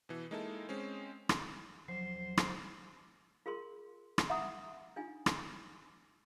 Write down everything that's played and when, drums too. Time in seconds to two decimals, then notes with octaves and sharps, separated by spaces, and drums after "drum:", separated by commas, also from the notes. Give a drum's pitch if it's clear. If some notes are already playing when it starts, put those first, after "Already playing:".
0.09 B2 E3
0.31 G#3 A#3 D#4 E4 A4
0.69 G#3 C4 C#4
1.29 drum: rim click
1.88 D#1 F3 F#3 C5 C7
2.37 drum: rim click
3.46 F4 G#4 A#4 C6
4.18 drum: rim click
4.30 E5 F#5 A#5 D#6
4.96 D4 D#4 F4 G#5
5.26 drum: rim click